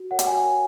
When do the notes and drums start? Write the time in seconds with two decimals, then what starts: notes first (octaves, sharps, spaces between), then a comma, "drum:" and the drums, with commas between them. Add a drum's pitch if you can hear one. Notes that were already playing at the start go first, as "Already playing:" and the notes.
Already playing: F#4
0.11 A#4 C#5 F#5
0.19 G5, drum: hi-hat
0.27 F#4 G#5
0.44 A#4 C#5